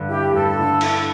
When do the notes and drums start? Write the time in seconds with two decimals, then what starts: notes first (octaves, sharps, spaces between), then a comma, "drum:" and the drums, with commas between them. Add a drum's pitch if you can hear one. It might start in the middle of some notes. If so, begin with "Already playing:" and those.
Already playing: G2 D3
0.09 E4 G4
0.33 G2 A4
0.57 D3
0.81 E4, drum: cymbal